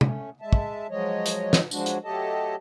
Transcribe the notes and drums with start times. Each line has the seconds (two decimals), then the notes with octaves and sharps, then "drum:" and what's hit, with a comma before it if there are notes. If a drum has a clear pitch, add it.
0.01 A3 C#4, drum: tom
0.41 G#3 E5 A5
0.53 drum: kick
0.90 F3 F#3 G#3 C#5 D#5
1.26 drum: hi-hat
1.53 drum: snare
1.71 F3 F#3 G#3 D4 F#4, drum: tambourine
1.86 drum: hi-hat
2.04 F#3 A3 G4 A4 D#5 A5